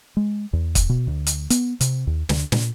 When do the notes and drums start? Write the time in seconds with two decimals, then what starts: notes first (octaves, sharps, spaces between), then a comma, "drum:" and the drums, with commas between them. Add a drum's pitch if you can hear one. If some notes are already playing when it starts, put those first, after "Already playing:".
0.17 G#3
0.53 E2
0.75 drum: kick, hi-hat
0.89 B2
1.07 D2
1.27 drum: hi-hat
1.50 B3, drum: hi-hat
1.81 C3, drum: hi-hat
2.07 D#2
2.29 D2, drum: snare
2.52 A#2, drum: snare